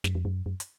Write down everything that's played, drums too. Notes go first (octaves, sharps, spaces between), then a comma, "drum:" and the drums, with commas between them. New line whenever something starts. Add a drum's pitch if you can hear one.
F#2, drum: snare
F2
F#2
F#2
drum: hi-hat